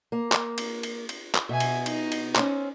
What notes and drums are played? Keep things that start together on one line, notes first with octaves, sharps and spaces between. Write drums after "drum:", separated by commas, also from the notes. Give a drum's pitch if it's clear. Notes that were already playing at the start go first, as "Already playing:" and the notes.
A#3
drum: clap
drum: cymbal
drum: cymbal
drum: cymbal
drum: clap
B2 E5 G#5
drum: cymbal
D#4, drum: cymbal
drum: cymbal
C4 C#4, drum: clap